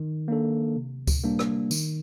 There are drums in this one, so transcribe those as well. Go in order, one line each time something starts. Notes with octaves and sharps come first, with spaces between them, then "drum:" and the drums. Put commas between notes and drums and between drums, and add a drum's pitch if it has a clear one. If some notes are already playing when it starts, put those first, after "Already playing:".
Already playing: D#3
A#3 D4 A4
C3
drum: kick C#2, tambourine
G3 A#3 D4
drum: rim click
D#3, drum: tambourine